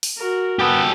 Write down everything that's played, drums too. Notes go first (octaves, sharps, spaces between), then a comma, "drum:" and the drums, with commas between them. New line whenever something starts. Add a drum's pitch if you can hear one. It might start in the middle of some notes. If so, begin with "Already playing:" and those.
drum: open hi-hat
F#4 A#4
B3 G4 A4